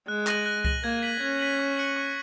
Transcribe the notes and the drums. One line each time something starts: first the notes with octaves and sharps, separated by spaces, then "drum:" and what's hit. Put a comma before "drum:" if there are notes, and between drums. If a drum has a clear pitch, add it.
G#3 F#6
A#6 D#7 F#7, drum: clap
F#6
A#6 D#7 F#7, drum: kick C2
A#3 G#6
B6 D#7 F#7
C#4 G#6
B6 D#7 F#7
C#6
F#6 C#7 F#7
C#6